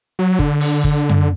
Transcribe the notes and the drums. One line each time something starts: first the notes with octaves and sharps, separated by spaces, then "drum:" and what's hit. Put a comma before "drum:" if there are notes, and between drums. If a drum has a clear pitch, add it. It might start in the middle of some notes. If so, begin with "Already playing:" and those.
F#3
D3, drum: kick G1
drum: open hi-hat
drum: kick G1
D3
drum: tom F#2